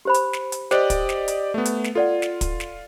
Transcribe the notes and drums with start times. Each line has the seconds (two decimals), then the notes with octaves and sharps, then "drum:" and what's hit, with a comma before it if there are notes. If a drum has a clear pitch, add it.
0.05 G4 C5 B5
0.14 drum: hi-hat
0.33 drum: snare
0.52 drum: hi-hat
0.71 G4 C5 D5 D#5, drum: snare
0.90 drum: kick, hi-hat
1.09 drum: snare
1.28 drum: hi-hat
1.54 A3 B3
1.65 drum: hi-hat
1.84 drum: snare
1.95 F4 A4 D5 F#5
2.22 drum: snare
2.41 drum: kick, hi-hat
2.60 drum: snare